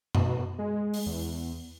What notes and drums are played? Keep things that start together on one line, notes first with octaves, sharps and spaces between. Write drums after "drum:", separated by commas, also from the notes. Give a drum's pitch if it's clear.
B2, drum: tom F#2
G#3
drum: open hi-hat
E2